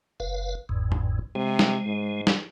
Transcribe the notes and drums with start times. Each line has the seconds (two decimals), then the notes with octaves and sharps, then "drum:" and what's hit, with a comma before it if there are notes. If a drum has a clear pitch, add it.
0.20 F#1 B4 F5
0.69 G1 E2 G#2
0.92 drum: tom G2
1.35 C3 G#3
1.59 drum: snare
1.86 G#2
2.27 drum: snare